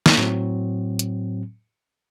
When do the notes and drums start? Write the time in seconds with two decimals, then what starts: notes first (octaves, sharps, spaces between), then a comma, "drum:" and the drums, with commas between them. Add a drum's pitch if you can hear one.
0.06 drum: snare
0.17 A2 F#3 C4
0.99 drum: hi-hat